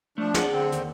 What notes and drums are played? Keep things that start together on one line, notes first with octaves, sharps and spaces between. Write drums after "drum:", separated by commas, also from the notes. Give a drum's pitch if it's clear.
F3 A3 D4
G#4 D5 F#5, drum: snare
D3 C4
D#2, drum: hi-hat